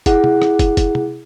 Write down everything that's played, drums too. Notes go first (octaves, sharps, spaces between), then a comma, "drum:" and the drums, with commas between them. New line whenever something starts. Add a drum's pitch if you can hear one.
E4 G#4 F#5, drum: kick, hi-hat
drum: tom C3
drum: rim click
drum: kick, hi-hat
drum: kick, hi-hat
drum: tom C3